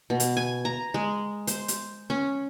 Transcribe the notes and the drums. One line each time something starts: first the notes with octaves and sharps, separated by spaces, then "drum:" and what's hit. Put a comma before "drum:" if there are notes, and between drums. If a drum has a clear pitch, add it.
B2
drum: hi-hat
G#5
A#5
G#3
C5, drum: hi-hat
drum: hi-hat
C#4